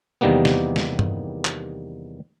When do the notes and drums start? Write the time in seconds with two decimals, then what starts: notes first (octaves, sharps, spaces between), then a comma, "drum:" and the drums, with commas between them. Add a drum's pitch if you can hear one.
0.21 E2 C3 D#3 G3 A#3 B3
0.45 drum: snare
0.76 drum: snare
0.99 drum: tom G2
1.45 drum: clap